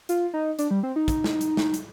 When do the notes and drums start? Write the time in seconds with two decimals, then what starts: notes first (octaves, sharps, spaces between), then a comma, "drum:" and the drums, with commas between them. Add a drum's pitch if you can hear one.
0.09 F4, drum: hi-hat
0.34 D#4
0.59 D4, drum: hi-hat
0.71 G3
0.83 C4
0.96 D#4
1.08 drum: kick, hi-hat
1.24 drum: snare
1.41 drum: hi-hat
1.57 drum: snare
1.74 drum: hi-hat